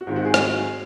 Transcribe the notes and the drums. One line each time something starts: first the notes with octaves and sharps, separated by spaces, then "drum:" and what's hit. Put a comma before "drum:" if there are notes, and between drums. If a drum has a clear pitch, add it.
F#4
G#2 D#3 G#3 C4 F4
F#4
G#4
F#4, drum: rim click